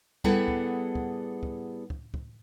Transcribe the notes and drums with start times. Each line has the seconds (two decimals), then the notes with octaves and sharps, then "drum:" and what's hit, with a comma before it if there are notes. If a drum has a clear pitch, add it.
0.24 G3 B3 E4 G#4 A4 F#5, drum: kick
0.48 drum: kick
0.95 drum: kick
1.43 drum: kick
1.90 drum: kick
2.14 drum: kick